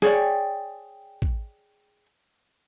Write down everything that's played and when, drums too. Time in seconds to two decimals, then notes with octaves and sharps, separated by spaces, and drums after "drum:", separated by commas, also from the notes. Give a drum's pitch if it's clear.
0.02 G#4 C#5 D5 G5, drum: snare
1.22 drum: kick